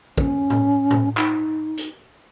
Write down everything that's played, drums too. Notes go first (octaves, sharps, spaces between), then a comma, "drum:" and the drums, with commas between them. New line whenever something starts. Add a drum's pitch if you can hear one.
C#4, drum: kick
drum: tom A2
drum: tom A2
D#4, drum: clap
drum: hi-hat